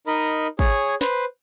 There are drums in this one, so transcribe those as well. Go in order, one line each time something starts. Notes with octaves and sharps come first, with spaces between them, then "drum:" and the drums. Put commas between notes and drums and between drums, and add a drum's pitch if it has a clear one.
D#4 A#4 D#5 B5, drum: open hi-hat
G#4 C#5, drum: kick
B4 C5, drum: snare